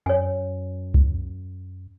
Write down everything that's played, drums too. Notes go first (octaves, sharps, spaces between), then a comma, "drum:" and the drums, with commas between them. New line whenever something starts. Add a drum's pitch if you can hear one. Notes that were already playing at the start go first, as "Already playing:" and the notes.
F#2 C#5 G#5
drum: kick